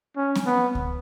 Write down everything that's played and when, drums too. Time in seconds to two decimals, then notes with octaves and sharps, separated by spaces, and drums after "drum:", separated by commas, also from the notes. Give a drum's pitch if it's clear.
0.16 C#4
0.36 drum: snare C4
0.46 B3
0.75 drum: kick C#2